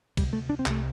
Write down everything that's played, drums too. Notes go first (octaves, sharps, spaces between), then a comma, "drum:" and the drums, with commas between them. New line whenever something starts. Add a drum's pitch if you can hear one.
D2 C3 G3, drum: kick C2, cymbal
A3
D4
C4
C2 C3 A3, drum: clap